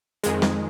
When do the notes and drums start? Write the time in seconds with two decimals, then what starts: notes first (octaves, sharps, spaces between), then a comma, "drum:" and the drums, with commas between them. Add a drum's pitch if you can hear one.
0.23 F2 D#3 G#3, drum: hi-hat
0.42 drum: snare